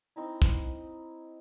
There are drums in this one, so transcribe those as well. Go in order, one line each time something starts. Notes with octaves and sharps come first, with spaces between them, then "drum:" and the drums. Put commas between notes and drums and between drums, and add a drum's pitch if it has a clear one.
C4 D#4 E4
drum: kick